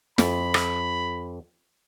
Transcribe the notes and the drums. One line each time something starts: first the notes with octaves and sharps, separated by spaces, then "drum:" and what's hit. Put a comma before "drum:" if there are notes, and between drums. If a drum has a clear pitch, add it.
F2 B5, drum: snare
drum: rim click